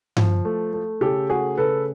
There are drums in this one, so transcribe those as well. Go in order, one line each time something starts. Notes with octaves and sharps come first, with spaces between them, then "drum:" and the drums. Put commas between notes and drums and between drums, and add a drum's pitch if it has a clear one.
F3, drum: tom G2
A3
A3
C#3 G4 A4
A3 F#4 G#4
C#3 A4 B4